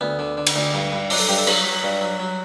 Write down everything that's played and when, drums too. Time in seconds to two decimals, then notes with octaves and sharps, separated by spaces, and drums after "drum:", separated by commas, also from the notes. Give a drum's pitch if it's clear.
0.01 D2 B3
0.19 D3
0.37 D3
0.47 drum: cymbal
0.56 D2
0.74 G2
0.92 G2
1.10 F#3 D4, drum: open hi-hat
1.19 A4
1.29 G2 G4
1.38 A4
1.47 F#3 B4, drum: cymbal
1.65 F#3
1.83 G2
2.01 F#3
2.20 F#3